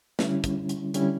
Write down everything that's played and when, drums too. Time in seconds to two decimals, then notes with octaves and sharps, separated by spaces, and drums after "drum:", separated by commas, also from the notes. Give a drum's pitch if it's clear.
0.19 D3 G3 C#4 E4, drum: snare
0.44 drum: kick, hi-hat
0.69 drum: hi-hat
0.94 D3 G3 C#4 E4, drum: hi-hat